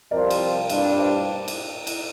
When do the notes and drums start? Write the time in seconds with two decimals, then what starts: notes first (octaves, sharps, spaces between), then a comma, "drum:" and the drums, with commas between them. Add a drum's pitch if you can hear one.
0.11 C2 C3 F3 C4 F4 A#4 D5
0.30 drum: cymbal
0.69 G2 G3 D4 F4 F5, drum: cymbal
0.84 G5
0.98 C5 F5
1.48 drum: cymbal
1.87 drum: cymbal